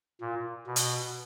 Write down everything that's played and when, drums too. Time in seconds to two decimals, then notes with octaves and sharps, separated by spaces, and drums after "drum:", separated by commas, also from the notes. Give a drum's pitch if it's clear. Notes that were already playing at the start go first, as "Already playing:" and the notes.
0.21 A#2
0.67 B2
0.76 drum: hi-hat